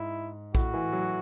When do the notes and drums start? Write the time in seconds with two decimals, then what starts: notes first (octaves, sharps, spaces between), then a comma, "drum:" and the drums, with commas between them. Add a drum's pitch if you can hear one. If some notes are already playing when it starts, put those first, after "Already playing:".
Already playing: G#2 E4
0.55 A2 F#4, drum: kick A#1
0.74 E3
0.92 F#3